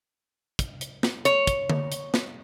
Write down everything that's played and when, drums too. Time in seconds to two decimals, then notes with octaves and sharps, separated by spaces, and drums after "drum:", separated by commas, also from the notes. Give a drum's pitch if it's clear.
0.59 drum: kick, hi-hat
0.81 drum: hi-hat
1.03 drum: snare
1.25 C#5, drum: hi-hat
1.47 drum: kick, hi-hat
1.70 drum: tom D3
1.92 drum: hi-hat
2.14 drum: snare